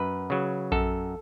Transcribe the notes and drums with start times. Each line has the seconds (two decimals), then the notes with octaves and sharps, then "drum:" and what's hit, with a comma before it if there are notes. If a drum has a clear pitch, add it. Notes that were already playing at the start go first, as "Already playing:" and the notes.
Already playing: F#2 B4
0.30 C#3 F#3
0.72 F#2 A4, drum: kick A#1